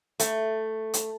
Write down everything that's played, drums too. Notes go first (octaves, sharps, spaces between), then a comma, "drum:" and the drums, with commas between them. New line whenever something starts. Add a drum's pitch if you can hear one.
A3, drum: hi-hat
drum: hi-hat